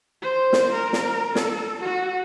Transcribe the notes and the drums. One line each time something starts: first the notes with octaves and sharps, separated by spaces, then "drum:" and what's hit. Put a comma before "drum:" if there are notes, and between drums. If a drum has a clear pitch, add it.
C5
drum: snare
A#4
drum: snare
A4, drum: snare
F#4